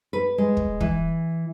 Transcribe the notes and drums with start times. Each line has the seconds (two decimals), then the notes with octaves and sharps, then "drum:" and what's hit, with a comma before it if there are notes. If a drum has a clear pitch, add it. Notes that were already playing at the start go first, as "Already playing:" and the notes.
0.13 B4
0.38 G#3
0.57 drum: kick
0.80 E3, drum: kick